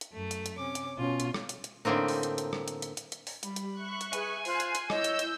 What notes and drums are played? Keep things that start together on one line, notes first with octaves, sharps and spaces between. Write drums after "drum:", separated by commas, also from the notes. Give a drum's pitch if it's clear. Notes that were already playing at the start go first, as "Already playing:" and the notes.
drum: hi-hat
F#2 A3
drum: hi-hat
drum: hi-hat
C3 C#4 D6
drum: hi-hat
B2 C#4 F4
drum: hi-hat
drum: rim click
drum: hi-hat
drum: hi-hat
A2 D3 A#3 C4 D#4
drum: open hi-hat
drum: hi-hat
drum: hi-hat
drum: rim click
drum: hi-hat
drum: hi-hat
drum: hi-hat
drum: hi-hat
drum: open hi-hat
G3 B5, drum: hi-hat
drum: hi-hat
E5 C#6 F#6
drum: hi-hat
G#4 B4 G#5, drum: hi-hat
F4 C5 F#6 G#6 C7, drum: open hi-hat
drum: hi-hat
drum: hi-hat
E4 C#5 D#5 E6 G6, drum: rim click
drum: hi-hat
drum: hi-hat